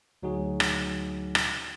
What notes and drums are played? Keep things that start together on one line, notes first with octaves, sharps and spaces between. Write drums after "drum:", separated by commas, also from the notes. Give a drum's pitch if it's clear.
D2 F#3 D#4 F#4 G#4
drum: rim click
drum: rim click